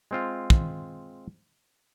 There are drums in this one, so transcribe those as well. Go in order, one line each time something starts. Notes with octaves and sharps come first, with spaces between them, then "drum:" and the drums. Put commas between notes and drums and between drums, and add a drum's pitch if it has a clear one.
G#3 C4 F4
drum: kick